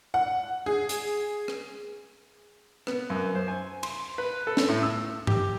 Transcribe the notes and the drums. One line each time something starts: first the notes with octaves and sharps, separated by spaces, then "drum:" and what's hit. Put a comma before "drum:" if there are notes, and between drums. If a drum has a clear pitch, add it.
F#5
G#4
drum: hi-hat
drum: rim click
B3, drum: rim click
F#2
C5
G#5
C6, drum: cymbal
B4
A4
drum: snare
A2
E6
G4, drum: tom G2